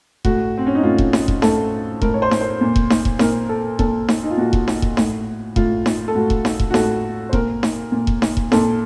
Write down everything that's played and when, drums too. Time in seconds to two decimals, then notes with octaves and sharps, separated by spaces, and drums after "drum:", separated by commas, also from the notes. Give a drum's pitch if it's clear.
0.25 A2 F#4, drum: kick E1
0.58 C4
0.67 C#4
0.75 D#4
0.83 A2 F4
0.98 drum: kick E1
1.13 drum: snare D#4
1.28 drum: kick E1
1.42 A2 A4, drum: snare D#4
2.02 A2 A#4, drum: kick E1
2.14 C#5
2.22 C5
2.31 drum: snare D#4
2.41 C5
2.61 A#2
2.76 drum: kick E1
2.90 drum: snare D#4
3.05 drum: kick E1
3.19 A#2 A#4, drum: snare D#4
3.49 A4
3.79 A#2 A4, drum: kick E1
4.08 drum: snare D#4
4.23 D#4
4.31 F4
4.38 A#2 F#4
4.53 drum: kick E1
4.68 drum: snare D#4
4.82 drum: kick E1
4.97 A2, drum: snare D#4
5.56 A2 F4, drum: kick E1
5.86 drum: snare D#4
6.08 A4
6.15 A2 F#4
6.30 drum: kick E1
6.45 drum: snare D#4
6.60 drum: kick E1
6.70 F#4
6.74 A2 A4, drum: snare D#4
7.29 C5
7.33 A#2 A#4, drum: kick E1
7.63 drum: snare D#4
7.92 A#2
8.07 drum: kick E1
8.22 drum: snare D#4
8.37 drum: kick E1
8.52 A#2 A4, drum: snare D#4